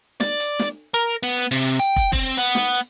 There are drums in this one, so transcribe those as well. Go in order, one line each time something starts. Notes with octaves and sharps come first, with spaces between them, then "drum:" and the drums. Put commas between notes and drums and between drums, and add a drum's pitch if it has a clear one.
D5, drum: snare
drum: hi-hat
drum: snare
A#4
B3
drum: hi-hat
C3
G5, drum: hi-hat
drum: kick, hi-hat
C4, drum: kick, hi-hat
B3, drum: hi-hat
drum: snare
drum: hi-hat